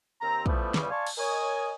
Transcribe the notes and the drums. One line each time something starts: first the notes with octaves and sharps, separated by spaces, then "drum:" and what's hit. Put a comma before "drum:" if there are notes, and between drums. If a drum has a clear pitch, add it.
D#2 C4 A#5
E3 F3 G3 A3 B3, drum: kick
E2 C#3 G3, drum: snare
D5 F5 G#5 A5 C6 C#6
drum: cymbal
A#4 C#5 D#5 G#5